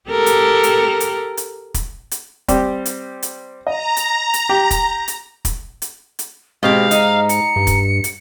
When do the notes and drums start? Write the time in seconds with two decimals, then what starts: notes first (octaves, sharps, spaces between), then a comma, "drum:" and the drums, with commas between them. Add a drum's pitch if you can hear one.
0.10 G4 A4 A#4
0.26 drum: hi-hat
0.63 drum: hi-hat
1.00 drum: hi-hat
1.37 drum: hi-hat
1.74 drum: kick, hi-hat
2.11 drum: hi-hat
2.48 G3 C4 G4, drum: kick, hi-hat
2.85 drum: hi-hat
3.23 drum: hi-hat
3.67 D#5 A#5
3.97 drum: hi-hat
4.34 drum: hi-hat
4.49 G4
4.71 drum: kick, hi-hat
5.08 drum: hi-hat
5.45 drum: kick, hi-hat
5.82 drum: hi-hat
6.19 drum: hi-hat
6.63 G#2 B2 C4 G4 F5
6.91 D#4, drum: hi-hat
7.29 C#7, drum: hi-hat
7.56 G2
7.67 drum: kick, hi-hat
8.04 drum: hi-hat